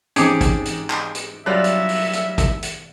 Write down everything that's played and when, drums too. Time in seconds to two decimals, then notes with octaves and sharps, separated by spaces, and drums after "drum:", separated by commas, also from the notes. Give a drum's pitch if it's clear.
0.16 G#2 E3 C4 C#4 G4 G#4 C#5 D6, drum: hi-hat
0.41 drum: kick, hi-hat
0.65 drum: hi-hat
0.90 drum: clap
1.15 drum: hi-hat
1.46 F#3 G3 D4 F4 E5 F#6
1.64 drum: hi-hat
1.89 drum: open hi-hat
2.13 drum: hi-hat
2.38 drum: kick, hi-hat
2.63 drum: hi-hat